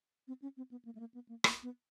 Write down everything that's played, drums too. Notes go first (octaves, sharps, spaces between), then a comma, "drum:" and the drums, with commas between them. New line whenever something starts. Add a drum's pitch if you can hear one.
C4
C#4
C4
B3
A#3
A3
A#3
B3
A#3
A#3, drum: rim click
B3